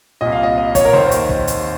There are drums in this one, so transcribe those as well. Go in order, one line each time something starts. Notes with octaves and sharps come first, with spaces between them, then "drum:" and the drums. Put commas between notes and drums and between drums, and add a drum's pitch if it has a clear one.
C2 A#2 D#5
F5
D#5
D#5
C#5, drum: kick, hi-hat
A#4
D#2 D#3 C5
drum: hi-hat
drum: kick
drum: hi-hat